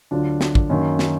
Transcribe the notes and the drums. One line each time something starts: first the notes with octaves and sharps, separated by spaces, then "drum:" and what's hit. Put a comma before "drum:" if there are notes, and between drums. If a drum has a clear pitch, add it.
D2 D3 F#3 D4 F4
drum: snare
drum: kick
F#2 D#3 A#3
drum: snare